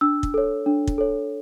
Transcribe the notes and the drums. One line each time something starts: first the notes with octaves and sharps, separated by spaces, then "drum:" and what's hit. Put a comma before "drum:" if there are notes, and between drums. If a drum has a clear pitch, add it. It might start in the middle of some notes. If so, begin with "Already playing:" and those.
D4 E6
drum: kick
A4 C#5
D4
drum: kick
A4 C#5